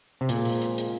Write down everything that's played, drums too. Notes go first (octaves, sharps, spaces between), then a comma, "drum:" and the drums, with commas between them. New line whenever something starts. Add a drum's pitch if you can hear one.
C3
A#2 F3 G#3 C4 F4 G#4, drum: hi-hat
drum: open hi-hat
drum: hi-hat
drum: hi-hat